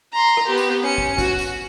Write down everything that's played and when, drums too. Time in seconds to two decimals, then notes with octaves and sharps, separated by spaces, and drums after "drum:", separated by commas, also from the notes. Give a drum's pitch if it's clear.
0.13 A#5 C6
0.37 drum: rim click
0.47 B3 G4
0.57 drum: tambourine
0.83 C#4 C#7
0.98 drum: kick
1.18 F#4, drum: kick, tambourine
1.39 drum: tambourine